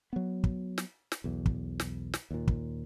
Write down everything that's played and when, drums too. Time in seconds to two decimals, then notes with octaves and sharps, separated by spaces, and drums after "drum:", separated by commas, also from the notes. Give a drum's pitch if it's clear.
0.13 F#3 B3
0.44 drum: kick
0.78 drum: snare
1.12 drum: snare
1.24 B1 E2
1.46 drum: kick
1.80 drum: snare
2.14 drum: snare
2.31 D#2 A#2
2.48 drum: kick